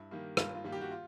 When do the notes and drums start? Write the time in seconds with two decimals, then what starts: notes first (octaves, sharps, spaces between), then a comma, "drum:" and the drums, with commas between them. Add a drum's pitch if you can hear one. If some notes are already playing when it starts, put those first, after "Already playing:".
Already playing: G2 E4
0.11 D#3 G3 A#3
0.37 G2 F4, drum: rim click
0.55 F4
0.64 D#3 G3 A#3
0.72 G4
0.81 F#4
0.91 F4